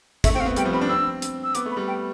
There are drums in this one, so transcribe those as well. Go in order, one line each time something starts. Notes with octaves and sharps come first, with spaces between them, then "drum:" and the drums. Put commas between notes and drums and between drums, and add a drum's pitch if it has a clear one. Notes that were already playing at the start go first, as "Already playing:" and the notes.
A3 E5, drum: kick, hi-hat
C4 G5
F5
B3
G3 G5, drum: hi-hat
F3
C4 B5
D4
C4 E6
drum: hi-hat
E6
B3 D6, drum: hi-hat
A3
B5
G3
G5